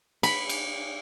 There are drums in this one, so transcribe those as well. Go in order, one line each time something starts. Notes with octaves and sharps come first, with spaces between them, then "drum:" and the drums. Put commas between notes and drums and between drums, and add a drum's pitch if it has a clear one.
B5, drum: cymbal
drum: cymbal